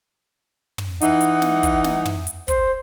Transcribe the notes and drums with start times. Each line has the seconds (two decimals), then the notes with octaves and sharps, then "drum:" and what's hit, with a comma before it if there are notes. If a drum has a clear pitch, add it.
0.78 drum: tom
1.01 E3 D#4 F#5, drum: hi-hat
1.21 drum: hi-hat
1.42 drum: snare
1.63 drum: kick, hi-hat
1.84 drum: snare
2.05 drum: tom
2.27 drum: hi-hat
2.48 C5, drum: kick, hi-hat